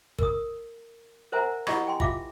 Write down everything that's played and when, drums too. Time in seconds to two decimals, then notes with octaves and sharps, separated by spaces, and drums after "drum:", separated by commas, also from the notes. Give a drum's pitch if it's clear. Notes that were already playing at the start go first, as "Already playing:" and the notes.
0.19 A#4 D#6, drum: kick
1.32 A#4 C5 E5 F#5 G#5 A#5
1.67 E4 G4 D#5 F#5 B5 C#6, drum: rim click
1.87 G5 G#5 C6
2.00 F4 E5 F5 D6, drum: kick